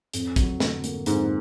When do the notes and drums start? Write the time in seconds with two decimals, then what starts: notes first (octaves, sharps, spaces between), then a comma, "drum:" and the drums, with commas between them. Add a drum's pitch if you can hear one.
0.13 F2, drum: hi-hat
0.36 F#3, drum: kick, hi-hat
0.60 D3, drum: snare
0.84 A#3, drum: hi-hat
1.06 F2 G#2, drum: hi-hat